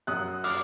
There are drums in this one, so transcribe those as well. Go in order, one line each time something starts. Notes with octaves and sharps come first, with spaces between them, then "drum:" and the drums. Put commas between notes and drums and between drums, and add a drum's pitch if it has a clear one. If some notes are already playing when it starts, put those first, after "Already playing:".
F#2 D#6 F#6
D6 F6, drum: open hi-hat